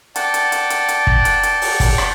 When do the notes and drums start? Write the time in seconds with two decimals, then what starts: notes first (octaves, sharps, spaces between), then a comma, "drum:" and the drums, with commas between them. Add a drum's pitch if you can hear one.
0.16 D5 F#5 G5 A5, drum: hi-hat
0.34 drum: hi-hat
0.52 drum: hi-hat
0.70 drum: hi-hat
0.89 drum: hi-hat
1.07 drum: kick
1.25 drum: hi-hat
1.43 drum: hi-hat
1.62 drum: open hi-hat
1.80 drum: kick, open hi-hat
1.98 drum: rim click